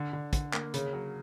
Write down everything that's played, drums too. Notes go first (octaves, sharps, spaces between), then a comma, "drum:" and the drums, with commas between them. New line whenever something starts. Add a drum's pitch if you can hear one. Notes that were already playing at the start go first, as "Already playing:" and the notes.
Already playing: D3
D3
D3, drum: kick, hi-hat
A#3, drum: clap
C#3, drum: hi-hat
F#3